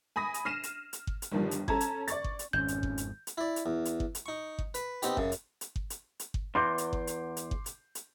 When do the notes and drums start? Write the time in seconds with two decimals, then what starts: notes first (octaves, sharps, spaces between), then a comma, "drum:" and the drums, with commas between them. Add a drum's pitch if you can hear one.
0.16 G#5 B5 D#6 A#6
0.34 drum: hi-hat
0.45 F6 A#6 C7 D#7 E7
0.63 drum: hi-hat
0.93 drum: hi-hat
1.07 drum: kick G1
1.22 drum: hi-hat
1.32 G1 G2 D#3 F3 G3
1.51 drum: hi-hat
1.68 C#4 A4 A5 A#5 G#6, drum: kick G1
1.81 drum: hi-hat
2.08 D5 C#6 A6, drum: hi-hat
2.24 drum: kick G1
2.39 drum: hi-hat
2.53 G#1 F2 C#4 G6
2.68 drum: hi-hat
2.83 drum: kick G1
2.98 drum: hi-hat
3.27 drum: hi-hat
3.38 E4 D5
3.56 drum: hi-hat
3.66 E2
3.85 drum: hi-hat
4.00 drum: kick G1
4.15 drum: hi-hat
4.26 D#4 C#6
4.59 drum: kick G1
4.74 B4, drum: hi-hat
5.02 B3 C4 D#4 G4, drum: hi-hat
5.17 F#2 C#3, drum: kick G1
5.32 drum: hi-hat
5.61 drum: hi-hat
5.76 drum: kick G1
5.90 drum: hi-hat
6.19 drum: hi-hat
6.34 drum: kick G1
6.55 E2 C6 D6 G6
6.78 drum: hi-hat
6.93 drum: kick G1
7.07 drum: hi-hat
7.37 drum: hi-hat
7.51 drum: kick G1
7.66 drum: hi-hat
7.95 drum: hi-hat